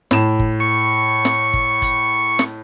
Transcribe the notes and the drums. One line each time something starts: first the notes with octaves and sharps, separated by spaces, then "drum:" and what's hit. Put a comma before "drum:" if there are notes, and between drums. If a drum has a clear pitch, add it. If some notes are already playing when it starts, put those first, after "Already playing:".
A2 E7, drum: snare
drum: kick G1
C#6
drum: snare
drum: kick G1
drum: kick G1, hi-hat
drum: snare